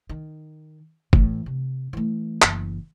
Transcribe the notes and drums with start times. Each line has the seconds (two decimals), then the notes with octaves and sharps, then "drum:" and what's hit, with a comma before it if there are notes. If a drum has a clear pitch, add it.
0.09 D#3
1.13 A2 E3, drum: kick
1.46 C3
1.93 E3 A3
2.42 F#1 E3, drum: clap